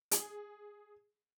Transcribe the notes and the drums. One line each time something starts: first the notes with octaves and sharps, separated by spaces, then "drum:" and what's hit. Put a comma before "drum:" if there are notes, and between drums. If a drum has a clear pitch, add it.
G#4, drum: hi-hat